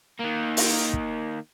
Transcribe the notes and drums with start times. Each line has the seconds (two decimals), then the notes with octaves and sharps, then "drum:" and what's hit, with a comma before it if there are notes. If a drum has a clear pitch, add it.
0.20 D#3 A#3
0.57 drum: open hi-hat
0.93 drum: kick